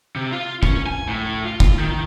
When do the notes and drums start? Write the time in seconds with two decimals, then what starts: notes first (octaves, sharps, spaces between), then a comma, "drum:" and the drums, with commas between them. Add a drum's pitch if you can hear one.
0.16 C3
0.32 F4
0.63 C#4, drum: kick
0.86 G#5
1.08 A2
1.45 F4
1.60 drum: kick
1.79 D#3